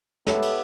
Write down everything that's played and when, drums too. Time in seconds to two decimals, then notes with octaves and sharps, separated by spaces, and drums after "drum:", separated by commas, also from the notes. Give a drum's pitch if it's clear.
0.27 B3 E4 G4 A4 B4 C#5 E5, drum: snare
0.42 drum: cymbal